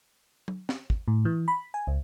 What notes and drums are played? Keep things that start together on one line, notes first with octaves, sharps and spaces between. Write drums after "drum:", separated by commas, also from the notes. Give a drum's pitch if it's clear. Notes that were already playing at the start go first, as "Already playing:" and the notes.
drum: tom
drum: snare
drum: kick
A2
E3
B5
G#5
C#2